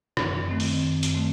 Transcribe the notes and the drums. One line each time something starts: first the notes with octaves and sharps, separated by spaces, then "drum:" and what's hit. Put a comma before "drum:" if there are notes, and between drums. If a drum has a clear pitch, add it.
F#2, drum: rim click
D#3 A3 C4
drum: open hi-hat
F#2
drum: hi-hat
D#3 A3 C4